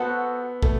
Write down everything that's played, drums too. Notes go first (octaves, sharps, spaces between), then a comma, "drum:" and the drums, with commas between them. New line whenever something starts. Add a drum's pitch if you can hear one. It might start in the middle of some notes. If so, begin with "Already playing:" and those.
Already playing: B3 F#4 A4 C5 F#5
A3, drum: kick